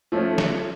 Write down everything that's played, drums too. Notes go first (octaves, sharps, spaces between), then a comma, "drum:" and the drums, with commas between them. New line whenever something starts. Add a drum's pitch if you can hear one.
F3 A3 C#4
drum: snare